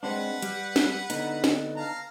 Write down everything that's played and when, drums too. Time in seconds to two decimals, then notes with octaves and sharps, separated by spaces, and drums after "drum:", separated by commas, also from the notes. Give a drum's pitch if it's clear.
0.03 G#3 C4 D4 B4 F#5
0.42 G3, drum: hi-hat
0.76 drum: snare
1.10 D3 B3 D#4, drum: hi-hat
1.44 drum: snare
1.77 F5 A5 A#5